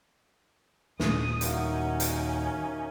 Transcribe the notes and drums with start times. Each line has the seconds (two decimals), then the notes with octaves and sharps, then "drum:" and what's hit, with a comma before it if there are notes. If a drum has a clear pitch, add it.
1.00 D#2 A#2 D#6, drum: snare
1.41 A#3 C#4 D#4 E4 F#4, drum: hi-hat
2.00 drum: hi-hat